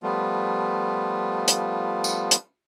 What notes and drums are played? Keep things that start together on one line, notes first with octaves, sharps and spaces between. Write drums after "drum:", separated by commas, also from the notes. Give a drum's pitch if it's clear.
F3 G3 A3 B3 F4
drum: hi-hat
drum: tambourine
drum: hi-hat